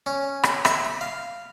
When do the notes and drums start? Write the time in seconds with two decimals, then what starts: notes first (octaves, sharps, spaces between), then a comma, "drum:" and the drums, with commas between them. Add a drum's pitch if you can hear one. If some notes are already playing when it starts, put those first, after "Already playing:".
0.06 C#4
0.43 drum: rim click
0.65 E5, drum: rim click
0.85 B5
1.01 F5